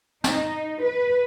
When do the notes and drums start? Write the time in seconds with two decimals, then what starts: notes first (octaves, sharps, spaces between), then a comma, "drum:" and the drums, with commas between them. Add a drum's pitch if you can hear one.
0.24 D#4, drum: snare
0.81 B4